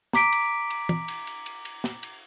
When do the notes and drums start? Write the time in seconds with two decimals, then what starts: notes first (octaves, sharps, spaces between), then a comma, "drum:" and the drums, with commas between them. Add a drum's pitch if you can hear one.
0.13 A#5 D6 B6 D7, drum: snare
0.32 drum: cymbal
0.70 drum: cymbal
0.89 drum: tom
1.08 drum: cymbal
1.27 drum: cymbal
1.46 drum: cymbal
1.65 drum: cymbal
1.84 drum: snare
2.03 drum: cymbal